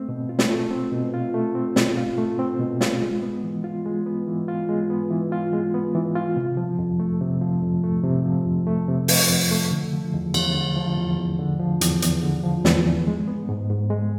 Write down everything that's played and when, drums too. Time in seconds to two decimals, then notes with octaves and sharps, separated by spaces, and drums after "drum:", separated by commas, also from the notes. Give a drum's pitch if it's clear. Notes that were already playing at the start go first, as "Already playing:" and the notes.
Already playing: A3 C4
0.09 B2
0.29 F4
0.39 drum: snare
0.51 A3
0.71 C4
0.92 B2
1.14 F4
1.34 A3
1.55 C4
1.76 B2, drum: snare
1.97 F4
2.18 A3
2.39 C4
2.59 B2
2.81 F4, drum: snare
3.02 G#3
3.22 B3
3.44 E3
3.64 F4
3.86 G#3
4.06 B3
4.27 E3
4.48 F4
4.69 G#3
4.90 B3
5.11 E3
5.32 F4
5.53 G#3
5.74 B3
5.95 E3
6.15 F4
6.36 C3
6.57 F3
6.79 F2
7.00 A3
7.21 C3
7.41 F3
7.62 F2
7.84 A3
8.04 C3
8.25 F3
8.46 F2
8.67 A3
8.88 C3
9.08 F3, drum: open hi-hat
9.30 F2
9.51 A3
9.72 D3
9.93 F3
10.14 E2
10.34 E2, drum: cymbal
10.55 D3
10.76 F3
10.98 E2
11.19 E2
11.39 D3
11.60 F3
11.81 E2, drum: hi-hat
12.02 E2, drum: hi-hat
12.23 D3
12.44 F3
12.65 E2, drum: snare
12.86 E2
13.07 G#3
13.28 B3
13.49 G#2
13.70 G#2
13.90 G#3